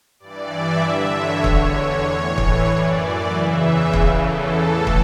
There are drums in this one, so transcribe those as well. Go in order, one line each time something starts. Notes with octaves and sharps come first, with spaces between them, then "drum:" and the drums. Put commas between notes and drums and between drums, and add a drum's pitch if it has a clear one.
G2 E3 D5
E5
G2 D3
C#5
E2 D3 C#5, drum: kick
C#5
A2 E3
drum: kick
F#2 E3 D5
D5
E2 C#3 E3 E5
E2 C#3 E3, drum: kick
A4
A2 E3
drum: kick